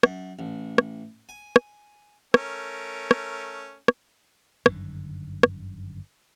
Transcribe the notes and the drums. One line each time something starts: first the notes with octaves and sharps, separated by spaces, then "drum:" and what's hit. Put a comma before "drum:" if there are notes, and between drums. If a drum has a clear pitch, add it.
F#2, drum: rim click
A1
drum: rim click
G#5
drum: rim click
A3 C#4 A#4, drum: rim click
drum: rim click
drum: rim click
G1 F#2 D3 D#3, drum: rim click
drum: rim click